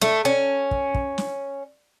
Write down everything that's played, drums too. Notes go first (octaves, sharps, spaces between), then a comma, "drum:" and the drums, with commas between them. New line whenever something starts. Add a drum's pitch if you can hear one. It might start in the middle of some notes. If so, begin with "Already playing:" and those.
A3, drum: snare
C#4
drum: kick
drum: kick
drum: snare